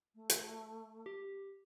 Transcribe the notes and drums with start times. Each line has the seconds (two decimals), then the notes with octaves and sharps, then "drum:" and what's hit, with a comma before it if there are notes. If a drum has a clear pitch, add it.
0.14 A3
0.30 drum: hi-hat
1.06 G4